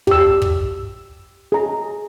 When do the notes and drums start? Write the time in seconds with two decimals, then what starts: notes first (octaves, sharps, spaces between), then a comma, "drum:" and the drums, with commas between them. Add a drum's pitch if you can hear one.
0.07 G4 E6, drum: kick
0.42 drum: kick
1.52 G#4 A#5